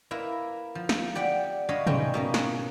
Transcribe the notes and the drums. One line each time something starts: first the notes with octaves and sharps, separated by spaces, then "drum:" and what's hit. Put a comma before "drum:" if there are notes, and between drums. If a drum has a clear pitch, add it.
A#3 E4 A#4 B4
F3
drum: snare
G4 D5 F#5 G5
D4 C#5 D#5 F5 B5
G#2 A3 C#4 B4 D#5 G5, drum: tom
B2 A#3 C#4
drum: snare